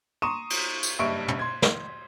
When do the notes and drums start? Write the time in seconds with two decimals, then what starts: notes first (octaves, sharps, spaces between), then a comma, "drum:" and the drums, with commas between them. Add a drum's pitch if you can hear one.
0.22 A#5 C6 C#6 D#6 D#7 E7
0.50 drum: cymbal
0.83 drum: tambourine
0.99 F#1 G2 E5 C#6 D7
1.28 drum: tom
1.39 C6 G#6
1.62 drum: snare